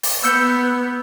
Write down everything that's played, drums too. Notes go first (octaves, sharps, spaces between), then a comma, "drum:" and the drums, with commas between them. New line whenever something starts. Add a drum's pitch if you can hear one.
drum: open hi-hat
B3 E6 G6 C#7